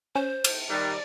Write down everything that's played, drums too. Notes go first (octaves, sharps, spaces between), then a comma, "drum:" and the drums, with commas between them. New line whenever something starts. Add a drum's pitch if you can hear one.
C#4 C5
drum: cymbal
D#3 G3 D5 F#6